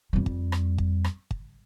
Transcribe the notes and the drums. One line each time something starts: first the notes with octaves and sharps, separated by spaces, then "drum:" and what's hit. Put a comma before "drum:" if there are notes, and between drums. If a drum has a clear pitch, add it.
F2 G3
drum: kick
drum: rim click
drum: kick
drum: rim click
drum: kick